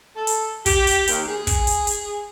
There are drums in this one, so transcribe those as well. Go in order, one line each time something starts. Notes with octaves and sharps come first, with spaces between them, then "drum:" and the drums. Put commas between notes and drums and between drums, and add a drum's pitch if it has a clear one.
A4
drum: hi-hat
G4, drum: kick, hi-hat
drum: hi-hat
D#2, drum: hi-hat
G#4
drum: kick, hi-hat
drum: hi-hat
drum: hi-hat